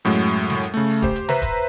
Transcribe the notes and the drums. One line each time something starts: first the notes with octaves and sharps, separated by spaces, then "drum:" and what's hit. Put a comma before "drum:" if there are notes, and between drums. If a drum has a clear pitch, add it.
F#2 A2 F#3 G#3
drum: snare
drum: hi-hat
C#3 A3
drum: open hi-hat
G4 C5, drum: kick
drum: hi-hat
B4 C5 E5 A#5, drum: snare
drum: kick, hi-hat